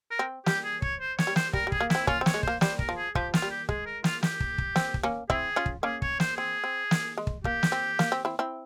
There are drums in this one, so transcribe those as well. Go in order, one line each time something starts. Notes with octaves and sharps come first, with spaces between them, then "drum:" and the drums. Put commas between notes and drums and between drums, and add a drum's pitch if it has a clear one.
A#4
C4
G3 G4, drum: snare
G#4
C#5, drum: kick
C5
C#5, drum: snare
G3
C5, drum: snare
G3 A#4, drum: kick
G3
G#4, drum: kick
A#3
C4 E4, drum: snare
A#3 C#4 F4, drum: kick
C4
C#5, drum: snare
G#3
A#3 C5, drum: kick
G3 C5, drum: snare
A#4, drum: kick
F3
G#4
F3 G4, drum: kick
F4, drum: snare
G3
G4
G#3 G#4, drum: kick
A#4
F4, drum: snare
G4, drum: snare
drum: kick
drum: kick
C4, drum: snare
drum: kick
A#3 C#4
C4 E4 G#4, drum: kick
C#4 F4
drum: kick
A#3 C#4 G#4
C#5, drum: kick
C5, drum: snare
C4 G#4
C4
drum: snare
G#3
drum: kick
A#3 G4, drum: kick
drum: snare
C4
A#3, drum: snare
C4
C4 E4
C4 E4